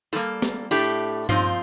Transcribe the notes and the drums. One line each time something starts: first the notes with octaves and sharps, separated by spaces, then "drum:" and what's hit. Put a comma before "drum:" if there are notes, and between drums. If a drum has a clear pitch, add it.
A2 G3 A#3 A4
drum: snare
A2 A3 D4 G4
A#2 F3 C4 D#4 F4, drum: tom G2